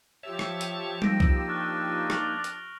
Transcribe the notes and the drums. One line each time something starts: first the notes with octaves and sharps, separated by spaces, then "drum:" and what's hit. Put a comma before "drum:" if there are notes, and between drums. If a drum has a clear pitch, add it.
F3 G4 C#5 E5 A5 E6
drum: rim click
drum: hi-hat
A#3 D#4 A#6 D7, drum: tom G3
drum: kick C2
D4 C#6 F6 F#6
F6 F7 F#7, drum: rim click
drum: hi-hat